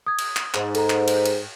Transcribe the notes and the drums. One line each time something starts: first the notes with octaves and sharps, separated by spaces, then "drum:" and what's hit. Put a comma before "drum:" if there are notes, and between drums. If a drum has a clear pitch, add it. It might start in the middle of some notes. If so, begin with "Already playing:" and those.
D#6 G#6
drum: cymbal
drum: clap
G#2, drum: clap
A4 A#5, drum: cymbal
drum: clap
drum: cymbal
drum: cymbal